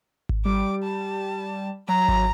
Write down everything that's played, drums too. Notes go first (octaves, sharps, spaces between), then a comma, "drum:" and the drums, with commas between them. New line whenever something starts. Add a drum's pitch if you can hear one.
drum: kick G#1
G3 D6
A5
F#3 A#5
drum: kick G#1